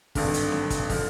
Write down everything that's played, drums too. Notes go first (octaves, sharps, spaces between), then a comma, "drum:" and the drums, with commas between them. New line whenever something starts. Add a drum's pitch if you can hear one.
G#1 G2 D3, drum: kick, open hi-hat
drum: hi-hat
drum: snare C4
drum: kick, hi-hat
D3 F3, drum: kick, open hi-hat